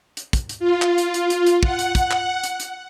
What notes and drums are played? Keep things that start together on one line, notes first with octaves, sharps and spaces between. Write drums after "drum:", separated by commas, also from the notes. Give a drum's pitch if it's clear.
drum: hi-hat
drum: kick, hi-hat
drum: hi-hat
F4
drum: clap
drum: hi-hat
drum: hi-hat
drum: hi-hat
drum: hi-hat
F#5, drum: kick
drum: hi-hat
drum: kick, hi-hat
drum: clap
drum: hi-hat
drum: hi-hat